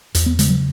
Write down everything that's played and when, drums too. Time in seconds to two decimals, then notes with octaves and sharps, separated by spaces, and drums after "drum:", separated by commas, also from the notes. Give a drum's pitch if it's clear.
0.15 E2, drum: hi-hat
0.26 B3
0.39 C#3 G#3, drum: hi-hat
0.49 F#3